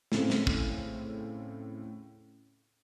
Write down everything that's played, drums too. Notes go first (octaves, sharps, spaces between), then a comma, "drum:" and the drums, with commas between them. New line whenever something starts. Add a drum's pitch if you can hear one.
A2 C#3 A3 C4, drum: snare
drum: snare
drum: kick